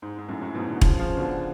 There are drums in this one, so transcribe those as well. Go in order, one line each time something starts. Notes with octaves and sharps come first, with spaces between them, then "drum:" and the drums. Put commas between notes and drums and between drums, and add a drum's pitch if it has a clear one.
G#2
G#2
F#2 A2
F#2 A2
G#2 B2
B2 D3
C#3 F3, drum: kick E1
C#3 F3
B2 D3